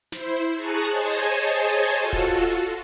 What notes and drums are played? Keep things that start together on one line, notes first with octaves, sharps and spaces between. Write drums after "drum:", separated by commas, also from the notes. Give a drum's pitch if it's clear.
E4 C5, drum: snare
G#4 A5 A#5 C#6 D#6 F#6
G#4 C5 C#5 D#5 G#5 A5
F4 F#4 A4
drum: kick D#1